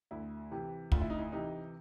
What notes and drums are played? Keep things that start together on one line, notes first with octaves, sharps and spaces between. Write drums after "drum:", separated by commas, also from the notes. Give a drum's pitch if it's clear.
D2 E4
C3 E3
D2 F4, drum: kick
E4
D#4
E4
C3 E3 D#4